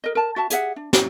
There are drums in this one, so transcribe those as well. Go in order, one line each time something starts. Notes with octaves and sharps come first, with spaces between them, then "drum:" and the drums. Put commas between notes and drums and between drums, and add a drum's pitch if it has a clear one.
A#4 D#5
A#4 A5
F#4 E5 A5
G4 G#4 E5 F#5, drum: hi-hat
D4
C#4 E4 A#5, drum: snare